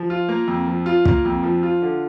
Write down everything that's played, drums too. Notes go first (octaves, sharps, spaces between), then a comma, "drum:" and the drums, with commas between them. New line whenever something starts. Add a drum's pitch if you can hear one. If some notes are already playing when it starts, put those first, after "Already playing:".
Already playing: F3
F4
A#3
F2
F3
F4
A#3, drum: kick
F2
F3
F4
D3